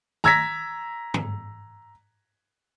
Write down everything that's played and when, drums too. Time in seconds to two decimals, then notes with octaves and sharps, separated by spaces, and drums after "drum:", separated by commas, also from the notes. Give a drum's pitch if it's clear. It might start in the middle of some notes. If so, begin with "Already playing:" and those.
0.24 A#5 E6 G#6 A#6 B6, drum: tom D#3
1.14 drum: tom